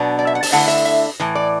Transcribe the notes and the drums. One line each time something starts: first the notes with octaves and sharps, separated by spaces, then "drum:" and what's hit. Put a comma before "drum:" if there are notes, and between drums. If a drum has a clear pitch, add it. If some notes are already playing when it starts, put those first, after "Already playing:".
Already playing: B2 F#3 B3 D4
D5
E5
F#5
A5, drum: open hi-hat
D3 A3 E4 F#5
E5
E5
A2 E3
D5